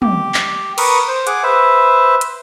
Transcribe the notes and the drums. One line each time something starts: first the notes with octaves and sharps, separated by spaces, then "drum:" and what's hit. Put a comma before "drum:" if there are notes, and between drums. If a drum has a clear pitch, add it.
G4, drum: tom
drum: clap
A#4 B4 C#6 D#6, drum: cymbal
C5
G#4 F#5 D6, drum: hi-hat
B4 C5 E5
drum: hi-hat